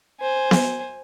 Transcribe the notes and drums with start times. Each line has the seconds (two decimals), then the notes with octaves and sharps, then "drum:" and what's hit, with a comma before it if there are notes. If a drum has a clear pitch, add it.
0.20 C5 G#5
0.51 drum: snare B3